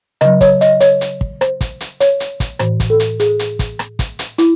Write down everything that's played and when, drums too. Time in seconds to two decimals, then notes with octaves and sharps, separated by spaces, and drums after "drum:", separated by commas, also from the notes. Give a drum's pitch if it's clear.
0.21 C#3 F#3 D#5, drum: rim click
0.41 C#5, drum: kick, hi-hat
0.61 D#5, drum: hi-hat
0.81 C#5, drum: hi-hat
1.01 drum: hi-hat
1.21 drum: kick
1.41 C5, drum: rim click
1.61 drum: kick, hi-hat
1.80 drum: hi-hat
2.00 C#5, drum: hi-hat
2.20 drum: hi-hat
2.40 drum: kick, hi-hat
2.59 A2 E3 C5, drum: rim click
2.80 drum: kick, hi-hat
2.90 A4
3.00 drum: hi-hat
3.20 G#4, drum: hi-hat
3.39 drum: hi-hat
3.59 drum: kick, hi-hat
3.79 drum: rim click
3.99 drum: kick, hi-hat
4.19 drum: hi-hat
4.38 E4, drum: hi-hat